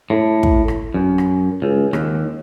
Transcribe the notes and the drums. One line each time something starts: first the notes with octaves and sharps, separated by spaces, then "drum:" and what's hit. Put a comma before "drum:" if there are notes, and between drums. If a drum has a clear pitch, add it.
A2
drum: kick
drum: rim click
F#2
drum: rim click
C#2
D#2, drum: rim click